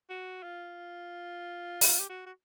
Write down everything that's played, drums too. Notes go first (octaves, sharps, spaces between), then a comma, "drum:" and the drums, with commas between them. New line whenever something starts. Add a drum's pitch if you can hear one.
F#4
F4
drum: open hi-hat
G4
F#4
F#4